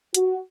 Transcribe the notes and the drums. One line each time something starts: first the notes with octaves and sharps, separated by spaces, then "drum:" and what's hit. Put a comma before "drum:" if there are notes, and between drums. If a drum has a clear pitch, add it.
F#4, drum: hi-hat